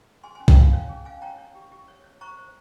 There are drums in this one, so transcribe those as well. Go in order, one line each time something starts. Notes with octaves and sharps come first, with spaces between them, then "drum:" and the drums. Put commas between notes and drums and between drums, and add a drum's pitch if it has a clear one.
G#4 G#5 C6
G#5 C6
C#4
G5 A#5, drum: kick B1
C#5 F5 G#5
C#4 C#5 F5
G#4
C#4 F5 G#5
C#5 G5 A#5
C#5
G4
G4
C#5
C#5
C5 A#5 C#6
C5